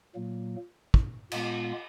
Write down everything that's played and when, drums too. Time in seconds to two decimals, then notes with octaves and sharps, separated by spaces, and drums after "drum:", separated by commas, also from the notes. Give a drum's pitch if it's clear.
0.15 A#2 F#3 A#3
0.94 drum: kick
1.32 A#2 G#3 B3 F4, drum: cymbal